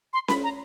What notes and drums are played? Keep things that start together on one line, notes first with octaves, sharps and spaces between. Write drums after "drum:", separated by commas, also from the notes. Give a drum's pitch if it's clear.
C6
B5, drum: snare C#4
A#5